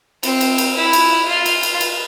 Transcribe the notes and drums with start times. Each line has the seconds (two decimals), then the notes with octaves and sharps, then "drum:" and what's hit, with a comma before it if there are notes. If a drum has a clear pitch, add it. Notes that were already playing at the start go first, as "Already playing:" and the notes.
0.23 C4, drum: cymbal
0.41 drum: cymbal
0.58 drum: cymbal
0.76 E4
0.93 drum: cymbal
1.28 F4
1.46 drum: cymbal
1.63 drum: cymbal
1.80 drum: cymbal